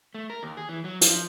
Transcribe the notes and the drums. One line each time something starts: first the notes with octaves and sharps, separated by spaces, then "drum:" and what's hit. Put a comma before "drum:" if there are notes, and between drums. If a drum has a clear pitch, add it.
A3
A#4
D#2
G#4
E3
F#3
F3, drum: hi-hat